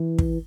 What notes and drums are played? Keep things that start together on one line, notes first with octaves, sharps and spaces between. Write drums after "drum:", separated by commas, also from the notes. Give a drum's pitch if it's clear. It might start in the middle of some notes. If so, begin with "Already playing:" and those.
Already playing: E3
drum: kick